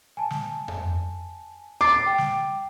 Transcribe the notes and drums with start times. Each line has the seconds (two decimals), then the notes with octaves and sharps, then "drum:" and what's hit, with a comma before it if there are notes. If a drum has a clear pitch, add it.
0.17 G#5 A5
0.30 drum: snare
0.68 drum: tom F2
1.81 D6 A6 C7
2.06 G5
2.18 drum: snare